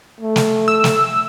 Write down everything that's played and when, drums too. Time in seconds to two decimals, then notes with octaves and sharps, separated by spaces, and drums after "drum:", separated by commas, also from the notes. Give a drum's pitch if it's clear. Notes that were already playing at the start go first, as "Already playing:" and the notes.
0.20 A3
0.36 drum: snare
0.68 E6
0.84 drum: snare